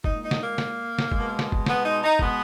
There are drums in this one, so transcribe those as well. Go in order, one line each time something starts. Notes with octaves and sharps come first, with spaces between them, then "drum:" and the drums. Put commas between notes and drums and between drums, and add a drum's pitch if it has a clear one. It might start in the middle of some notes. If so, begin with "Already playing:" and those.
A#2 G#3 D#4, drum: kick
D#4
drum: snare
A#3
drum: snare
drum: snare
B2 G#3, drum: kick
drum: snare
drum: kick
B3, drum: snare
D#4
D#4
B2 G#3 B3, drum: kick